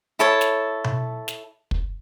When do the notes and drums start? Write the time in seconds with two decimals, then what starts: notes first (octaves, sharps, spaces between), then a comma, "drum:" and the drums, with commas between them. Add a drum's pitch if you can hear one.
0.19 E4 A4 C#5 A5
0.41 drum: snare
0.84 drum: tom B2
1.28 drum: snare
1.71 drum: kick